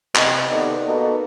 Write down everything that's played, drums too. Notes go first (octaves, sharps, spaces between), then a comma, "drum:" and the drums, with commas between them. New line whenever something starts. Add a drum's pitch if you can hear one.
C3 D#5, drum: clap
D#2 C3 B3 D#4 A4 D5
A#3 B3 D#4 F#4 A4